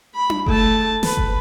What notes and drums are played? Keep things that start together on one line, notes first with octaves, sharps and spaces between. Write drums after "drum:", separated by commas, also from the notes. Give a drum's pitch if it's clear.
B5
drum: tom D4
A3 A5, drum: kick F#1
B4, drum: snare
drum: kick F#1